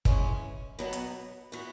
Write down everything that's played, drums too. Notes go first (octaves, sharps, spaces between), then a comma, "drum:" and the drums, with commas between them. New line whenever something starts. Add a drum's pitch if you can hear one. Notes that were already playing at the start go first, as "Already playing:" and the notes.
E3 G#3 C#4, drum: kick
B2 F#3 B3
drum: hi-hat
E3 B3 F#4